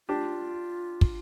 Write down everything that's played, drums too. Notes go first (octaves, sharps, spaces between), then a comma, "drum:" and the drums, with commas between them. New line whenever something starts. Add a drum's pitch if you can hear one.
D4 F4 G4
drum: kick